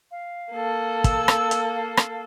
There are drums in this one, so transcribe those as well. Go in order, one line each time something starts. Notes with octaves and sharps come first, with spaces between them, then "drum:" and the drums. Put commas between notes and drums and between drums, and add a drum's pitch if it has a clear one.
F5
A#3 A4
E6, drum: kick, hi-hat
drum: rim click
drum: hi-hat
F5
drum: rim click